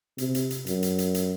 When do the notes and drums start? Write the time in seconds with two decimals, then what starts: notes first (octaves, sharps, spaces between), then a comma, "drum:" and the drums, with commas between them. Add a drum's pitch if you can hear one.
0.18 C3, drum: hi-hat
0.35 drum: hi-hat
0.51 drum: hi-hat
0.67 F#2, drum: hi-hat
0.83 drum: hi-hat
0.99 drum: hi-hat
1.15 drum: hi-hat